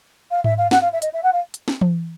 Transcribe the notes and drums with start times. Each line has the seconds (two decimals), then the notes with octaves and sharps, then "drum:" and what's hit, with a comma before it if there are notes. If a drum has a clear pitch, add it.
0.31 F5
0.44 E5, drum: tom G#2
0.58 F5
0.71 F#5, drum: snare
0.81 F5
0.93 E5
1.02 D#5, drum: hi-hat
1.13 E5
1.23 F#5
1.33 F5
1.54 drum: hi-hat
1.68 drum: snare
1.81 drum: tom E3